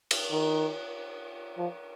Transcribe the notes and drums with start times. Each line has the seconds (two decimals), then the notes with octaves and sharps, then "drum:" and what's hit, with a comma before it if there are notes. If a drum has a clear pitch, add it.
0.11 drum: cymbal
0.31 D#3
1.58 F3